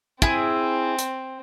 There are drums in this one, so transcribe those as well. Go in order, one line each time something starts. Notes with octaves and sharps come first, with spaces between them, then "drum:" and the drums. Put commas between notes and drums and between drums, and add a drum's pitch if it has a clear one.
C4 E4 G#4, drum: kick
drum: hi-hat